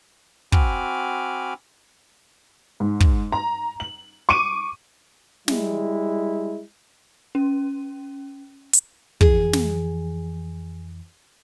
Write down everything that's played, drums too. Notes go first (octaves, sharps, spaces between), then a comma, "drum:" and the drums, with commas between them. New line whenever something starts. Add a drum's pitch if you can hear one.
C4 F#4 G#5 B5 D6 F6, drum: kick
G#2
drum: kick
A#5
F#7
C#6 D6 D7 D#7
G3 G#3 E4, drum: snare
C#4
drum: hi-hat
F2 E3 G#4, drum: kick
drum: snare